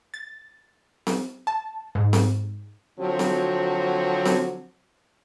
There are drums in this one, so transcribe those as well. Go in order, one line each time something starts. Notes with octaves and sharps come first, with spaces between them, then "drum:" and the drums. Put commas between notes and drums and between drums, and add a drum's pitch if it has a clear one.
A6
drum: snare C4
A5
G#2
drum: snare C4
D3 F3 F#3 C4 F#4
drum: snare C4
drum: snare C4